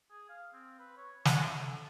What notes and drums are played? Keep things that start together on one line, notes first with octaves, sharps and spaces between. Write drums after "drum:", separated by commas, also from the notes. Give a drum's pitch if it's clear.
G#4
F5
C4
B4
C#5
G#4, drum: snare
F#4
A4